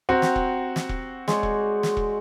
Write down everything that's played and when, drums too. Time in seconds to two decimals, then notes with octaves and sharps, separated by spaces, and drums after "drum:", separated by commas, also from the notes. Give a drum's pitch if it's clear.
0.09 C4 F#4 G4 A#5
0.22 drum: snare
0.36 drum: kick E1
0.76 drum: snare
0.89 drum: kick E1
1.28 G#3 C#5 D5, drum: snare
1.43 drum: kick E1
1.83 drum: snare
1.97 drum: kick E1